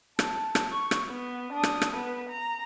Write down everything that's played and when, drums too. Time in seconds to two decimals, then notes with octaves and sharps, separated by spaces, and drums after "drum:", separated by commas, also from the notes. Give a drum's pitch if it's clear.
0.19 A5, drum: rim click
0.55 drum: rim click
0.72 C#6
0.91 drum: rim click
1.09 B3
1.53 D4 D#6
1.63 drum: rim click
1.82 drum: rim click
1.92 B3 B4
2.29 A#5